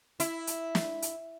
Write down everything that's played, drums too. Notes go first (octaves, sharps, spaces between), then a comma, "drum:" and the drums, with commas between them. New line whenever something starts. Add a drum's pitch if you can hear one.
E4, drum: hi-hat
drum: hi-hat
drum: snare
drum: hi-hat